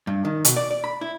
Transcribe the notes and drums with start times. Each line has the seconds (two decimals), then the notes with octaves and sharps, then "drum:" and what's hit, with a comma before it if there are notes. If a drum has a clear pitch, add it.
0.07 G2
0.25 D#3
0.45 B2, drum: hi-hat
0.57 D5
0.71 D5
0.84 B5
1.01 E4